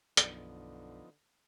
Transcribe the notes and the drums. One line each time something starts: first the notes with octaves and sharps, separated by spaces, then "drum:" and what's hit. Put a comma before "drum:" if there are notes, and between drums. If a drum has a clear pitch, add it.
B1 F#2 D3 F3 B3 D#4, drum: hi-hat